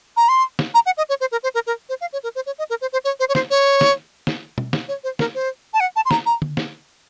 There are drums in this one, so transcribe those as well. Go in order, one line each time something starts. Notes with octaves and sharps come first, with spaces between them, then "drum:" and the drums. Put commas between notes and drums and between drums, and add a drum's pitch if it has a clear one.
A#5
C6
drum: snare
A#5
F#5
D#5
C#5
C5
A#4
C5
A#4
A#4
C5
F5
C#5
A#4
C5
C#5
D#5
A#4
C5
C5
C#5
C5
C#5
C5, drum: snare
C#5
drum: snare
drum: snare
drum: tom B2
drum: snare
C#5
C5
A#4, drum: snare
C5
A5
F#5
A5
C6
A#5, drum: snare
A#5
drum: tom D3
drum: snare